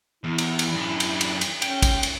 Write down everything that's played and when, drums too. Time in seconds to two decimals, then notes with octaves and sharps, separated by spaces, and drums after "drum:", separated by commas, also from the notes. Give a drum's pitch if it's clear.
0.24 E2 E4
0.38 drum: cymbal
0.59 drum: cymbal
0.74 F#2 D4
1.00 drum: cymbal
1.21 drum: cymbal
1.41 drum: cymbal
1.62 C#4 G5, drum: cymbal
1.82 drum: kick, cymbal
2.03 drum: cymbal